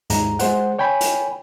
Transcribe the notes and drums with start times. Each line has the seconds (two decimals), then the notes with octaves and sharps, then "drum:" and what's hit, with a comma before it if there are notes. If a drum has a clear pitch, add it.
0.10 D#2 G#2 A#5, drum: hi-hat
0.39 G#3 C5 F#5, drum: hi-hat
0.79 C#5 G5 G#5 B5
1.01 drum: hi-hat